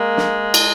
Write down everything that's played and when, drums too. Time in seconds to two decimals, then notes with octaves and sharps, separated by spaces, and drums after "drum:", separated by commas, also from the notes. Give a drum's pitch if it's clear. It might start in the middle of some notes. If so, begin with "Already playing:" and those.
Already playing: G#3 A#3
0.17 drum: snare
0.54 drum: cymbal